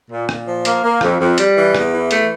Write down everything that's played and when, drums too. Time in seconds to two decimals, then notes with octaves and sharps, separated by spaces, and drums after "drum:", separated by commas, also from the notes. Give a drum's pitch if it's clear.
0.11 A#2
0.29 A#2, drum: rim click
0.47 F3
0.65 A#3, drum: hi-hat
0.83 A#3
1.01 F2, drum: rim click
1.20 F2
1.38 G3, drum: hi-hat
1.57 E3
1.75 E2, drum: rim click
1.92 E3
2.11 A3, drum: hi-hat